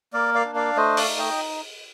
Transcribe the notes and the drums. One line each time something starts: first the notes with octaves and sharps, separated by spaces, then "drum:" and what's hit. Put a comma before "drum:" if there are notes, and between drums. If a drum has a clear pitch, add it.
A#3 A#4 D5
D5 F5
D4
D5 F5
A3 C5 D#5
D5 F5, drum: open hi-hat
D#4
D#5 G5